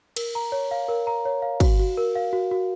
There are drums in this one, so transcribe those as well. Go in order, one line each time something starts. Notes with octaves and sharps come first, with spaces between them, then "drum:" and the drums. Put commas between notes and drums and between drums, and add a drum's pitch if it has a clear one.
A#4, drum: cymbal
A#5
C#5
F5
A#4
A#5
C#5
F5
F#4, drum: kick, cymbal
F#4
A#4
F5
F#4
F#4